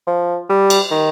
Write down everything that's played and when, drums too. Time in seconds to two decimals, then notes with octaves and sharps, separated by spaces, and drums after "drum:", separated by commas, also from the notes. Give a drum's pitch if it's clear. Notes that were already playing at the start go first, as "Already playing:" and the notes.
0.07 F3
0.50 G3
0.70 drum: cymbal
0.91 D#3